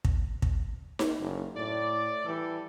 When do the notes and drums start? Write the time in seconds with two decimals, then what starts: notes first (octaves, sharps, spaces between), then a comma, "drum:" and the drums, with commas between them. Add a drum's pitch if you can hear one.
0.05 drum: kick
0.42 drum: kick
0.99 drum: snare D#4
1.19 F#1
1.56 A2 D5
2.26 E3 G3 A4 D5